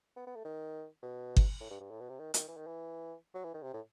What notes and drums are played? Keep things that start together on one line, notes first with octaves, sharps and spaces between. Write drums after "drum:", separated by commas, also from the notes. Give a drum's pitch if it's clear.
B3
B3
A3
D#3
B2
drum: kick G1
A2
G2
G2
A2
B2
C3
D#3
D#3, drum: hi-hat
E3
D#3
E3
F#3
E3
D#3
C3
A2